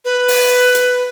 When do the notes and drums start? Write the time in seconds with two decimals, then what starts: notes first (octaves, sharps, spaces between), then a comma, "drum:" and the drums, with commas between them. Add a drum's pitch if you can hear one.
0.05 B4
0.28 drum: open hi-hat
0.75 drum: hi-hat